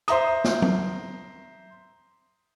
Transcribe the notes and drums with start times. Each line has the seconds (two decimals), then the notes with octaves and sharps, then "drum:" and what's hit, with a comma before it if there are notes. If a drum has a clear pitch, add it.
0.08 C5 E5 A#5 D#6, drum: hi-hat
0.44 drum: snare
0.62 drum: tom F#3